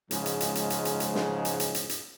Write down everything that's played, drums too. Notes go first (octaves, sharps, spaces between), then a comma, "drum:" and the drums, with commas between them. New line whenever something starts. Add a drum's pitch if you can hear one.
G#2 C#3 F3 G#3, drum: hi-hat
drum: hi-hat
drum: hi-hat
drum: hi-hat
drum: hi-hat
drum: hi-hat
drum: hi-hat
drum: snare
drum: hi-hat
drum: hi-hat
drum: hi-hat
drum: hi-hat